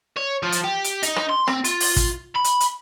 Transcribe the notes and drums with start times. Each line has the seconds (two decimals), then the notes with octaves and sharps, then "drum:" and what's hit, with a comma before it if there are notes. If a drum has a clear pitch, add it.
0.17 C#5
0.43 F3
0.52 drum: hi-hat
0.64 G4
0.84 drum: hi-hat
1.03 D#4, drum: hi-hat
1.16 drum: rim click
1.29 C6
1.47 C4, drum: rim click
1.64 F4, drum: hi-hat
1.80 drum: open hi-hat
1.96 drum: kick, hi-hat
2.35 B5
2.44 drum: hi-hat
2.60 drum: hi-hat